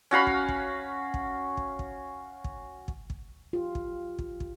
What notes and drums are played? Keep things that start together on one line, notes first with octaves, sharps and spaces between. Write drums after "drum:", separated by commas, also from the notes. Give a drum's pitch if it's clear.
C#4 F#4 F5 B5
drum: kick
drum: kick
drum: kick
drum: kick
drum: kick
drum: kick
drum: kick
drum: kick
F4 G4
drum: kick
drum: kick
drum: kick